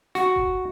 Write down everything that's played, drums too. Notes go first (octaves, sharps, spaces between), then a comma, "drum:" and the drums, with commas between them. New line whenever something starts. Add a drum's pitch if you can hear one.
F#4, drum: snare
drum: kick E1